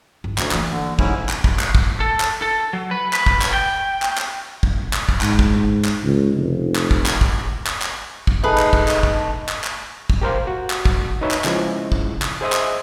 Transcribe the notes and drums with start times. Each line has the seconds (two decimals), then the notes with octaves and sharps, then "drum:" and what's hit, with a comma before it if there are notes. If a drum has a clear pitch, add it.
0.24 G1
0.38 D2 C#3, drum: clap
0.51 E3 A#3, drum: clap
0.71 D3
0.99 G#2 C#4 E4, drum: kick
1.29 drum: clap
1.44 drum: kick
1.59 drum: clap
1.75 drum: kick
2.00 A4
2.20 drum: clap
2.42 A4
2.73 F#3
2.91 B4
3.13 B4, drum: clap
3.26 drum: kick
3.42 drum: clap
3.54 G5
4.02 drum: clap
4.18 drum: clap
4.63 drum: kick
4.93 drum: clap
5.09 drum: kick
5.21 G#2, drum: clap
5.39 drum: kick
5.84 drum: clap
6.04 C#2
6.37 F1
6.76 drum: clap
6.91 drum: kick
7.06 drum: clap
7.21 drum: kick
7.67 drum: clap
7.82 drum: clap
8.27 drum: kick
8.43 A3 D#4 G#4 B4
8.58 drum: clap
8.73 drum: kick
8.88 drum: clap
9.03 drum: kick
9.49 drum: clap
9.64 drum: clap
10.10 drum: kick
10.22 G4 A#4 C5 F5
10.47 F#4
10.70 drum: clap
10.85 drum: kick
11.21 D#4 B4 C#5 E5
11.31 drum: clap
11.44 C#3 F3 G#3 E4, drum: clap
11.92 drum: kick
12.22 drum: clap
12.41 G#4 C5 D#5 E5 C6 D#6
12.52 drum: clap